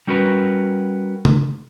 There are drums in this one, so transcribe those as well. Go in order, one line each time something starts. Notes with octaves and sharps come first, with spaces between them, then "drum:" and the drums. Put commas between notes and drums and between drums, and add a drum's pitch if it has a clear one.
G3 C#4 F#4 A#4 B4
drum: tom C#3